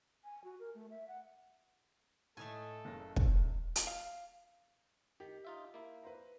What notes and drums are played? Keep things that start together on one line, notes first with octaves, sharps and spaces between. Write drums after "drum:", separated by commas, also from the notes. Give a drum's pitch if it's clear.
G#5
F#4
A#4
A3
E5
F#5
A2 A3 D#4 A4 G#5
F#1 C#3 A#6
drum: kick
drum: hi-hat
F5
D#3 G4
D#4 F4 E5
A#3 E4
B4 C5 A#5